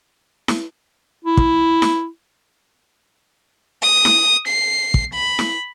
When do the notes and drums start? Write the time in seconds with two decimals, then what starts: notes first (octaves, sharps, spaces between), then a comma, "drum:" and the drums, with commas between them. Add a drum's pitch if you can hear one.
0.48 drum: snare E4
1.25 E4
1.37 drum: kick
1.82 drum: snare E4
3.83 D#6
4.05 drum: snare E4
4.48 C7
4.94 drum: kick
5.14 B5
5.39 drum: snare E4